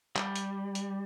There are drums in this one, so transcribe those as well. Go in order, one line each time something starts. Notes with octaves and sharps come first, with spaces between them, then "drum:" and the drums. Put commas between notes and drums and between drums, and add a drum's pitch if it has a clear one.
G3, drum: clap
drum: hi-hat
drum: hi-hat